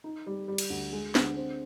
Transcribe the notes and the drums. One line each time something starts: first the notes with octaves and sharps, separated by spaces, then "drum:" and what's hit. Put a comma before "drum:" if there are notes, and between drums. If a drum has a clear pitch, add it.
D#4
G3
G3
drum: cymbal
D2
G#3
D3, drum: snare
C4